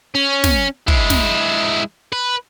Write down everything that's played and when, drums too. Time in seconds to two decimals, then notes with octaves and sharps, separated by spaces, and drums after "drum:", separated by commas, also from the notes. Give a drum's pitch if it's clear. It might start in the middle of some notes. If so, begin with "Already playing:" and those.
0.15 C#4
0.44 drum: snare
0.88 G#3 E4, drum: kick
1.10 drum: snare
2.13 B4